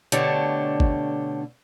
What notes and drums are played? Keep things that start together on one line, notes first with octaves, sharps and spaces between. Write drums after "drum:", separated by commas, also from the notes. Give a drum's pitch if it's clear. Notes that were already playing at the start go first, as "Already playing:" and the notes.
B2 D3 A3 D4 G4 C#5, drum: hi-hat
drum: kick